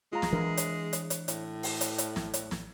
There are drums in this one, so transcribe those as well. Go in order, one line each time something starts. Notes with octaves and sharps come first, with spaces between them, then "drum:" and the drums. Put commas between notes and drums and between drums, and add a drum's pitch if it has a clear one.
G#3 F4 A#5
drum: snare
E3 D4 A#4
drum: hi-hat
drum: hi-hat
drum: hi-hat
A2, drum: hi-hat
drum: open hi-hat
drum: hi-hat
drum: hi-hat
drum: snare
drum: hi-hat
drum: snare